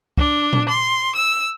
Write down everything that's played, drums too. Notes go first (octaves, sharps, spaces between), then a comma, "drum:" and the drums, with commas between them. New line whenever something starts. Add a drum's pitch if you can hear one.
D4, drum: kick
drum: tom A#2
C6
E6